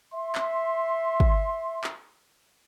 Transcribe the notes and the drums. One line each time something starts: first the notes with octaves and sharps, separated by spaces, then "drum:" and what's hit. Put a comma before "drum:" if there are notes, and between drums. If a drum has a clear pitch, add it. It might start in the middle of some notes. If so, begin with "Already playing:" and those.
E5 C6
drum: clap
drum: kick
drum: clap